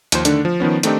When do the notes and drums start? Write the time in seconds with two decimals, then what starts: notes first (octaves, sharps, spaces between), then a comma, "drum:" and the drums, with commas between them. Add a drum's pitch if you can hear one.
0.12 D#2 F3 C5, drum: hi-hat
0.25 D3 D#3 A3 D4, drum: hi-hat
0.45 F3
0.60 D#3 F3 B3 C#4
0.83 D#3 A3 C4 D4 D#4 G4, drum: hi-hat